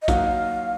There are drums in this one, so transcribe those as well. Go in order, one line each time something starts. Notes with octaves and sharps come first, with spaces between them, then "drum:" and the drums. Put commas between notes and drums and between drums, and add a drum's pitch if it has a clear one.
D#5
F#3 A#3 D#4 F#4 F5, drum: kick, hi-hat